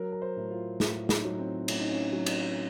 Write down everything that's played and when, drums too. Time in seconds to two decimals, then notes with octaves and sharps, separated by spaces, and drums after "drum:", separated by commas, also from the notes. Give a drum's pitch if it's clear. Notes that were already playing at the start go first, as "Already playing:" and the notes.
Already playing: F#3 A#4
0.12 A#4
0.22 C5
0.36 A2
0.51 F4
0.80 A2 F4, drum: snare
1.09 D#4, drum: snare
1.24 F#3
1.39 C4
1.68 A2 C#4, drum: cymbal
1.80 D#4
1.91 C#4
2.12 F#3
2.26 drum: cymbal